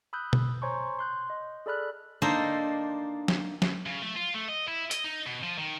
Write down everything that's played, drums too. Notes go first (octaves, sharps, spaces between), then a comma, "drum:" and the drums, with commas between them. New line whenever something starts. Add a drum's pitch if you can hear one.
B5 D#6 E6 F#6 G6
drum: tom B2
C5 C#5 G#5 A#5 C6 C#6
C6 F#6 G6
D#5
G#4 A4 D5 B5 F6 F#6
A#3 D4 D#4 A4 C5
drum: snare
drum: snare
C#3
A3
F4
A3
D#5
E4
D#5, drum: hi-hat
D#4
B2
F3
D#3